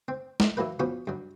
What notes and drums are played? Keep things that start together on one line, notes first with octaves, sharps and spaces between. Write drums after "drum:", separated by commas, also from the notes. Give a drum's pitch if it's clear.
C4
drum: snare
E3 F#3 A#3 B4
F3 B3 C#4 F#4
G2 F#3